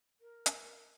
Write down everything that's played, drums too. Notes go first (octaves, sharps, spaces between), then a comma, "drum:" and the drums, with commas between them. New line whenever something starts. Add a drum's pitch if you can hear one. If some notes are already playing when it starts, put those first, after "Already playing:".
A#4
drum: hi-hat